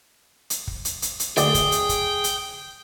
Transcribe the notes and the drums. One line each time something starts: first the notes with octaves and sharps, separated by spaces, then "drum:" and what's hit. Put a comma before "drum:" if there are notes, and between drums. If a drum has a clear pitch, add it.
drum: hi-hat
drum: kick
drum: hi-hat
drum: hi-hat
drum: hi-hat
D2 F#4 G#4 D5 G5, drum: hi-hat
drum: kick, hi-hat
drum: hi-hat
drum: kick, hi-hat
drum: hi-hat